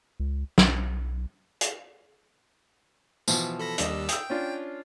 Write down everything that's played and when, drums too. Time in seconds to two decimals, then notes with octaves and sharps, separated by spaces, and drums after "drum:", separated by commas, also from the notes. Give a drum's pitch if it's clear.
0.20 C#2
0.58 B1, drum: snare
1.61 drum: hi-hat
3.28 B2 E3 F3, drum: tambourine
3.59 A4 B5 A#6
3.78 D#2 G3 D4 D#5 E6, drum: hi-hat
4.09 G5 D#6 E6, drum: hi-hat
4.30 C#4 D4 F4